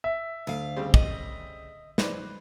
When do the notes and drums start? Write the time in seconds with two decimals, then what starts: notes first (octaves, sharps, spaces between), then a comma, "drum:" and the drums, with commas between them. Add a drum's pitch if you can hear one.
0.04 E5
0.47 D2 F5
0.76 C#3 G3 C4
0.94 D#5, drum: kick
1.98 B4 C5 D5, drum: snare